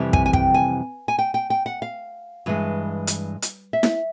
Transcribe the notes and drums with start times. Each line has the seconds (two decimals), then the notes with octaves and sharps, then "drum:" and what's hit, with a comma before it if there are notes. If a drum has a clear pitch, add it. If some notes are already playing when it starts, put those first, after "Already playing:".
Already playing: F2 C3 E3 G3
0.13 G#5, drum: kick
0.26 G#5
0.33 G5, drum: kick
0.54 G#5
1.08 G#5
1.19 G5
1.34 G5
1.50 G5
1.66 F#5
1.82 F5
2.46 G2 E3 G#3
3.07 drum: hi-hat
3.42 drum: hi-hat
3.73 E5
3.83 drum: snare E4